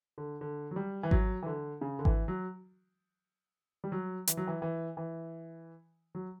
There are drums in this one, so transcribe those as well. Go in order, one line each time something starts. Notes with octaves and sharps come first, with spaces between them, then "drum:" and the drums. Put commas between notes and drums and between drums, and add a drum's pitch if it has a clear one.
D3
D3
F#3
G3
E3
F#3, drum: kick G#1
E3
D3
C#3
D3
E3, drum: kick G#1
F#3
G3
F#3
E3, drum: hi-hat
F#3
E3
E3
E3
F#3